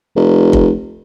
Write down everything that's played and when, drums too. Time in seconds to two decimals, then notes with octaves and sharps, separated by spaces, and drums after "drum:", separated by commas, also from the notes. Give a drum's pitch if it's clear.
0.16 F1
0.53 drum: kick